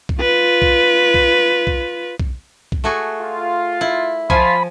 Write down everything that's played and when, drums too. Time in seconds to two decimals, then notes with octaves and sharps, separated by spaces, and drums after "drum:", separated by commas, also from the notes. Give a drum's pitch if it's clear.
0.09 drum: kick
0.20 F4 B4
0.62 drum: kick
1.14 drum: kick
1.67 drum: kick
2.20 drum: kick
2.72 drum: kick
2.84 A3 F#4 G#4
3.19 F4
3.81 E4
4.30 F3 F4 G#5 B5, drum: kick